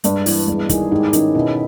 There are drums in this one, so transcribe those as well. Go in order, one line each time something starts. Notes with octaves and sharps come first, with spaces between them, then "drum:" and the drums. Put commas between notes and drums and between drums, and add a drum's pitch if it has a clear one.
G2 G#3, drum: hi-hat
E3 G3 A#3, drum: open hi-hat
G2 G#3 B3
D#3 E4 G#4, drum: kick, hi-hat
G#2 D#4 G4
D#3 C#4 E4, drum: hi-hat
B2 C#4 E4